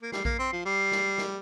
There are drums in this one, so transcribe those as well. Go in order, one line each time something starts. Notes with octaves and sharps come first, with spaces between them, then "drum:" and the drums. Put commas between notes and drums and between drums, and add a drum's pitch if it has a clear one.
A#3
G3 C7, drum: snare
A#3, drum: kick A#1
C4
F3
G3 C7
drum: snare
drum: snare